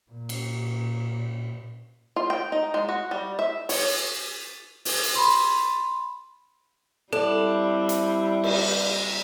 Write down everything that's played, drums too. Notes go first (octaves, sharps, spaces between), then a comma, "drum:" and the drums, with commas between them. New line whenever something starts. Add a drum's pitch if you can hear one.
A#2
drum: cymbal
F4
G5
D#4
G#3
F#4
G3
E5
C#5, drum: open hi-hat
drum: open hi-hat
drum: hi-hat
B5 C6
G3 C4 D4 E4 A4
drum: hi-hat
drum: cymbal